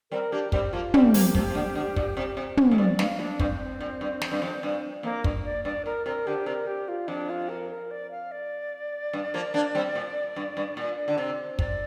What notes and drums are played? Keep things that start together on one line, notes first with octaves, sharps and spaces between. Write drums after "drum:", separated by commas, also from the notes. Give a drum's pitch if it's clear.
G3 C4 A#4
A#3 D4 G4
G3 C4 G4, drum: kick
F3 A#3 F4
G3 C4 G4, drum: tom
F3 A#3, drum: open hi-hat
C3 F3, drum: kick
F3
D3
D3
A#2, drum: kick
C3
C3
drum: tom
F2
G2 D5
G2 F5, drum: snare
F2 D4
G2 C4, drum: kick
A#2
G2
F2, drum: snare
G2
F2
G2
F2 A#3
G2, drum: kick
D5
G2 D5
A#2 A#4
C3 A#4
D3 G4
C3 A#4
G4
F4
F2 D4
F4
A#4
A#4
D5
F5
D5
G2
F3 A#3
A#3 D4
G3 C4
A#2
G2
G2
A#2
D3
C3
C3 D5, drum: kick